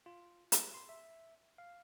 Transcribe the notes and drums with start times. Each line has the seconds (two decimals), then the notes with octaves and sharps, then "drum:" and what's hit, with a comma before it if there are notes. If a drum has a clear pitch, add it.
0.06 F4
0.52 G#4, drum: hi-hat
0.74 C6
0.89 E5
1.58 F5